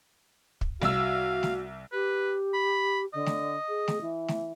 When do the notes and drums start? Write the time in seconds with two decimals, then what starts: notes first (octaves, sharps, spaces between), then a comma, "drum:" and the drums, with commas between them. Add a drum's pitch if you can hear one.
0.61 drum: kick
0.82 C2 F#4 F5 E6, drum: snare A3
1.43 drum: snare A3
1.92 G4 B4
2.54 B5
3.14 D3 D#5
3.26 drum: snare A3
3.68 G#4
3.88 drum: snare A3
4.01 E3
4.28 drum: snare A3